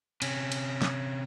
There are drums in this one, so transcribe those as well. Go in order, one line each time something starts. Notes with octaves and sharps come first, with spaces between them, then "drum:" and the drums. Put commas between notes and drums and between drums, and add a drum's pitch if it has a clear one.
C3 C#4, drum: cymbal
drum: cymbal
drum: snare